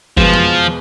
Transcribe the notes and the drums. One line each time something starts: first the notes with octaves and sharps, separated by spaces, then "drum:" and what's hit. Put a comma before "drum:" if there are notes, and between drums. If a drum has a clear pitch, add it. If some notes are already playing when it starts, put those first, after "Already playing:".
E2 B2 F3 G#3, drum: kick
drum: tom F2